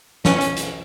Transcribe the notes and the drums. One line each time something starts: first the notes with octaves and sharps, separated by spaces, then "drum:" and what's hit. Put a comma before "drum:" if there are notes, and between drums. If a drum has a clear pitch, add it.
C#4, drum: snare
drum: hi-hat
drum: hi-hat